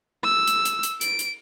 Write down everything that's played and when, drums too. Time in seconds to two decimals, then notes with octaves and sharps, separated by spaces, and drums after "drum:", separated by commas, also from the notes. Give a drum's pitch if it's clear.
0.24 E6
0.47 drum: hi-hat
0.65 drum: hi-hat
0.83 drum: hi-hat
1.01 D7, drum: hi-hat
1.19 drum: hi-hat